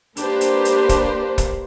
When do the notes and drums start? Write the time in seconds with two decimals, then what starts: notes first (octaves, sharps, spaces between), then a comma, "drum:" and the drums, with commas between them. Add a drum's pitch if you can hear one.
0.17 A#3 D4 G4 B4 C5, drum: hi-hat
0.41 drum: hi-hat
0.65 drum: hi-hat
0.89 drum: kick, hi-hat
1.38 drum: kick, hi-hat